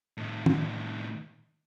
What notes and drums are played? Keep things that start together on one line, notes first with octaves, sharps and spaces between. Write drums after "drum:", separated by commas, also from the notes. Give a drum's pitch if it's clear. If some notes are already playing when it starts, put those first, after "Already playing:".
A2 D#3
drum: tom